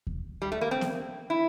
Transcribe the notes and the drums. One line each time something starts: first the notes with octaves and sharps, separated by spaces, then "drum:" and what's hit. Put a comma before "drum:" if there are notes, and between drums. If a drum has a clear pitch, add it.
drum: kick D#2
G3
A3
A#3
C4
drum: snare B3
E4